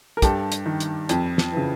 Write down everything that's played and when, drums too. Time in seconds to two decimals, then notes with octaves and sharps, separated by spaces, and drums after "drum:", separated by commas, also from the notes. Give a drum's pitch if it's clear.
0.17 A#4
0.22 G2 G4 A4, drum: kick, hi-hat
0.52 drum: hi-hat
0.66 D#3
0.80 drum: hi-hat
1.09 F2, drum: hi-hat
1.38 drum: snare
1.52 C#3 E3